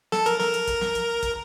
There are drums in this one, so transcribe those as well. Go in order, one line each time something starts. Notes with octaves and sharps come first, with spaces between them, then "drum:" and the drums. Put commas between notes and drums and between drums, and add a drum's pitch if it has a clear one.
A4, drum: snare
A#4, drum: hi-hat
A#4, drum: snare
drum: hi-hat
drum: kick, hi-hat
drum: snare
drum: hi-hat
drum: kick, hi-hat